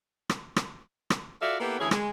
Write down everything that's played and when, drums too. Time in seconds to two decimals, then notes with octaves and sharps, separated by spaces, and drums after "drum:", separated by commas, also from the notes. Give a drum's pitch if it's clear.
0.29 drum: rim click
0.56 drum: rim click
1.10 drum: rim click
1.41 F4 F#4 A4 D5 E5 F5
1.60 A#3 B3 E4 G4 A4 B4
1.79 D2 E3 C#4 E4 G#4
1.91 G#3, drum: rim click